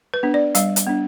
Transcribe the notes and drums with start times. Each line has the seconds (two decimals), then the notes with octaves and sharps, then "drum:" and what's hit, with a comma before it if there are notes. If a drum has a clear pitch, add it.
0.14 B4
0.23 B3 D4
0.34 D5
0.55 G3 F5, drum: hi-hat
0.76 drum: hi-hat
0.87 B3 D4